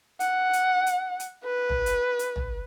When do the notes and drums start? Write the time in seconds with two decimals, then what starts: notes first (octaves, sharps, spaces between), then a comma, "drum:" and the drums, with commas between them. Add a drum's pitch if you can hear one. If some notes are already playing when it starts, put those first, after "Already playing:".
0.20 F#5, drum: hi-hat
0.53 drum: hi-hat
0.86 drum: hi-hat
1.20 drum: hi-hat
1.44 B4
1.69 drum: tom
1.86 drum: hi-hat
2.19 drum: hi-hat
2.36 drum: tom